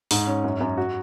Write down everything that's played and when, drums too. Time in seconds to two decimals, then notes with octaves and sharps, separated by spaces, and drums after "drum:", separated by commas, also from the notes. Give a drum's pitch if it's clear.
0.11 G#2, drum: open hi-hat
0.27 C#4
0.44 F#2
0.61 F#2
0.78 F#4